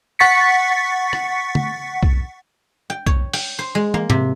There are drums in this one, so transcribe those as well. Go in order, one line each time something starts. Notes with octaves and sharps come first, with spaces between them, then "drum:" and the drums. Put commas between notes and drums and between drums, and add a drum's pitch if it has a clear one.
F#5 C#6 A6 B6 C#7
drum: rim click
drum: tom
drum: kick B1
G5
C#5, drum: kick B1
G5, drum: open hi-hat
C5
G#3
A#3, drum: tom
C3, drum: tom G#2